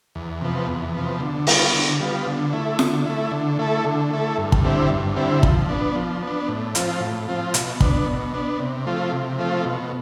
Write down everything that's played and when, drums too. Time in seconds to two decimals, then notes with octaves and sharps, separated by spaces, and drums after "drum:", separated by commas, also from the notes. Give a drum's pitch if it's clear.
0.15 E2
0.41 C3 F3 B3
0.68 E2
0.94 C3 F3 B3
1.20 D3
1.47 G3 B3 F4, drum: open hi-hat
1.74 D3
2.00 G3 B3 F4
2.27 D3
2.53 A3 E4
2.79 D3, drum: snare F4
3.06 A3 E4
3.31 D3
3.59 A3 E4 A4
3.84 D3
4.11 A3 E4 A4
4.38 G2
4.52 drum: kick
4.64 D3 G3 C4 E4
4.91 G2
5.16 D3 G3 C4 E4
5.43 F3, drum: kick
5.69 B3 D4
5.96 F3
6.23 B3 D4
6.48 A2
6.75 F3 C4 F4, drum: hi-hat
7.01 A2
7.28 F3 C4 F4
7.54 B2, drum: hi-hat
7.80 B3 D4, drum: kick
8.06 B2
8.34 B3 D4
8.60 C3
8.86 F3 A3 C4 F4
9.13 C3
9.38 F3 A3 C4 F4
9.66 B2